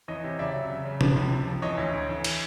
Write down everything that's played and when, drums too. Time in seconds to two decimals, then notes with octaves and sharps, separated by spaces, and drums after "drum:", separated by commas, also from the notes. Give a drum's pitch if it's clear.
0.08 E3 C#5 D#5
0.24 C3
0.39 C#3 D5 E5
0.54 F#3
0.70 C#3
0.85 C#3
1.01 F3, drum: tom C3
1.16 C#2
1.32 C3
1.47 F3
1.62 E3 C#5 D#5
1.78 D2
1.93 D2
2.09 E3
2.24 drum: cymbal